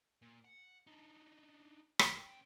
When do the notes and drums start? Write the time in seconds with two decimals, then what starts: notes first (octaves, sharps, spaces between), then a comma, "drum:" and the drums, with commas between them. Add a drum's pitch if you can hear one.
0.22 A#2
0.45 F#5
0.87 D4 D#4
1.99 drum: rim click
2.16 C#3 G5